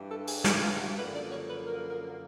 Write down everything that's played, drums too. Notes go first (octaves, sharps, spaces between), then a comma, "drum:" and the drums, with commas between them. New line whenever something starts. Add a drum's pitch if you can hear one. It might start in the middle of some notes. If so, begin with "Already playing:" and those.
Already playing: G2 E3 G3
A4
G#4, drum: open hi-hat
E4, drum: snare
F4
F#4
F#2 D3 F3 A#3 B4
D5
C#5
B4
A#4
A#4